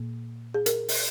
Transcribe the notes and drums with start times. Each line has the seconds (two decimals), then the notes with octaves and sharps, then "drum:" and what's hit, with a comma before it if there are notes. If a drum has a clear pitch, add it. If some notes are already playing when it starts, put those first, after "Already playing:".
Already playing: A#2 A#3
0.54 G#4
0.66 A#4, drum: hi-hat
0.89 drum: open hi-hat